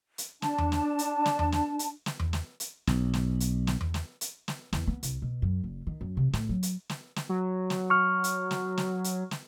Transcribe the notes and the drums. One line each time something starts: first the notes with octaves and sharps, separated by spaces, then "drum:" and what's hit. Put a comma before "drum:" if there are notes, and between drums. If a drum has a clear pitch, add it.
drum: hi-hat
D4 A5, drum: snare
drum: tom E2
drum: snare
drum: hi-hat
drum: snare
drum: tom E2
drum: snare
drum: hi-hat
drum: snare
drum: tom E2
drum: snare
drum: hi-hat
B1, drum: snare
drum: snare
drum: hi-hat
drum: snare
drum: tom E2
drum: snare
drum: hi-hat
drum: snare
E2, drum: snare
B3
C2, drum: hi-hat
B2
F#2
F#1
D#3
F#2
C3
A2, drum: snare
F#3
drum: hi-hat
drum: snare
drum: snare
F#3
drum: snare
C#6 F6
drum: hi-hat
drum: snare
drum: snare
drum: hi-hat
drum: snare